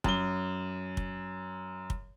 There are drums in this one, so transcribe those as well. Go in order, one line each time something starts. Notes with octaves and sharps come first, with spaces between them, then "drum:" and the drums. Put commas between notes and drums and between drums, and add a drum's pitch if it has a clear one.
F#2 G7, drum: kick
drum: kick
drum: kick